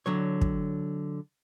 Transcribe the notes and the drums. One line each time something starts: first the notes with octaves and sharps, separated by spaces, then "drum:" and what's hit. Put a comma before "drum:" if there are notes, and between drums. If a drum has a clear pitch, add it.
D3 F#3 C#5
drum: kick